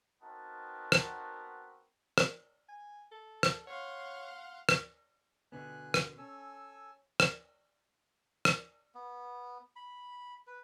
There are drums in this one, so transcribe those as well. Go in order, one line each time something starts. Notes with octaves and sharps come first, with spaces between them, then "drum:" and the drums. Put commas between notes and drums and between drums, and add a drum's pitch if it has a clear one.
B3 C4 D#4 F#4 A#4 A5
drum: rim click
drum: rim click
G#5
A4
drum: rim click
C#5 F5 F#5 C6
drum: rim click
B2 D3 B3 G#5 F#6
drum: rim click
C#4 A4 G#5 E6
drum: rim click
drum: rim click
B3
B5
B4